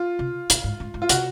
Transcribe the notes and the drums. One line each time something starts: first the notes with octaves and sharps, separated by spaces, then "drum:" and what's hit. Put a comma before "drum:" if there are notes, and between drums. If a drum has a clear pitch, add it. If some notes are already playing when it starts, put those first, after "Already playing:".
Already playing: F4
C3
A#2, drum: hi-hat
G#2
G#2
G#2
F4
C3 F#4, drum: hi-hat